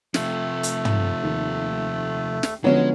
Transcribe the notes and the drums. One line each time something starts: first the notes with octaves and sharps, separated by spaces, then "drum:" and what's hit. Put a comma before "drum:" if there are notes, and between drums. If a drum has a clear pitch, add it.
C3 F3 A3, drum: snare
drum: hi-hat
drum: tom
D#2
drum: snare
D3 F3 F#3 G#3 B3 C#4